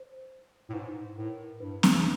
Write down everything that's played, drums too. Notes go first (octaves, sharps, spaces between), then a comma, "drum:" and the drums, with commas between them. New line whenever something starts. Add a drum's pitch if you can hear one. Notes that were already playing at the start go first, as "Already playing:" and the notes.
Already playing: C5
A2
G#2 B4
A2 A#4
G2 B4
B4, drum: snare C4